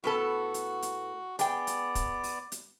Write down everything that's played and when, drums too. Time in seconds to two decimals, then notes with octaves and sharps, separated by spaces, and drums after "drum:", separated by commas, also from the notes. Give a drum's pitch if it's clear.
0.04 A2 B3 F#4 A4
0.54 drum: hi-hat
0.82 drum: hi-hat
1.39 B3 G#4 D5 G5, drum: hi-hat
1.67 drum: hi-hat
1.95 drum: kick, hi-hat
2.23 drum: open hi-hat
2.52 drum: hi-hat